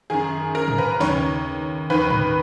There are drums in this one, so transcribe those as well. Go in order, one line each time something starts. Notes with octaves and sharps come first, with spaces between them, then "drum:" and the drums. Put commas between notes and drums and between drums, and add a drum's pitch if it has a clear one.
F#2 D#3 G#4
A#4
drum: tom
B4
D#2 C#3 C#5, drum: snare
D#2 D#3 B4
drum: tom